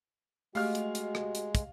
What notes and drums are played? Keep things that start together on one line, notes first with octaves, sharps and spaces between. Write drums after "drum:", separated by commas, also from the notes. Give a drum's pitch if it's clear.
G#3 A3 F#4 G4 D#5 F5 F6, drum: open hi-hat
drum: hi-hat
drum: hi-hat
drum: rim click
drum: hi-hat
drum: kick, hi-hat